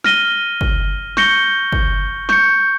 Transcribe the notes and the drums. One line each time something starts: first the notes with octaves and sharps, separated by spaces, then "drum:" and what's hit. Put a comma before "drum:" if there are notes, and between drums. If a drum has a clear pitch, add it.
F6 A#6 D#7 G7, drum: snare
drum: kick
C#6 G6 A#6 C#7 G7, drum: snare
drum: kick
C#6 G6 C#7, drum: snare